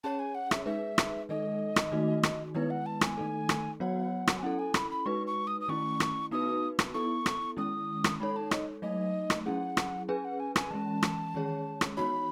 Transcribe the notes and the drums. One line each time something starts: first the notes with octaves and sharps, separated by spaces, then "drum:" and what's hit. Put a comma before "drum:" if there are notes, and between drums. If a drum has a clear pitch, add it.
C#4 G#4 C#5 A5
G#5
F#5
E5, drum: rim click
G#3 D#4 G#4 B4 E5
drum: rim click
D#3 G#3 D#4 A4 D#5
drum: rim click
D#3 A3 D#4 F#4
drum: rim click
D#3 G#3 B3 E4 B4 C#5
F#5
A5
G#5, drum: rim click
D#3 A3 D#4 A4
drum: rim click
F#3 B3 F#4 C#5 F#5
drum: rim click
G#5
C#4 E4 A4 F#5
G#5
B5, drum: rim click
B5
G#3 D#4 F#4 B4 C#6
C#6
D#6
D#6
D#3 A3 C#4 E4 C#6
drum: rim click
B3 D#4 F#4 B4 D#6
drum: rim click
B3 E4 A4 C#6
drum: rim click
D#3 G#3 C#4 E4 D#6
drum: rim click
G#3 D#4 A4 C#5 B5
A5
D#5, drum: rim click
F#3 A3 D#4 D#5
drum: rim click
F#3 C#4 E4 G#4 F#5
drum: rim click
C#4 G#4 B4 G#5
F#5
G#5
G#5, drum: rim click
E3 G#3 C#4 A5
drum: rim click
D#3 G#3 C#4 G#4 C#5
drum: rim click
E3 B3 D#4 F#4 C#5 B5